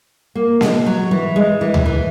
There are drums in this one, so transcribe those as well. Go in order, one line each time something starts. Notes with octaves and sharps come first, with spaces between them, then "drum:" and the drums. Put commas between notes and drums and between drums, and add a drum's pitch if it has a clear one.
A#3
G#3, drum: snare A#3
F#3
E3
G#3
E3
drum: tom D2
E3